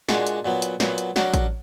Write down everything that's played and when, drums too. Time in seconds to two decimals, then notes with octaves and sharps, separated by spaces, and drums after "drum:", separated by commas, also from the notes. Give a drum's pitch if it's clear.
0.09 A#2 G#3 D4 F#4, drum: snare
0.27 drum: hi-hat
0.45 A#2 F#3 B3
0.62 drum: hi-hat
0.80 A#2 F#3 B3, drum: snare
0.98 drum: hi-hat
1.16 F#3 D4 F#4 A#4, drum: snare
1.34 drum: kick A1, hi-hat